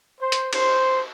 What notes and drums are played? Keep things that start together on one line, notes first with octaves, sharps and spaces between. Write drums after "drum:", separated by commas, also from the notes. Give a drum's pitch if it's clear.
C5
drum: hi-hat
C5, drum: cymbal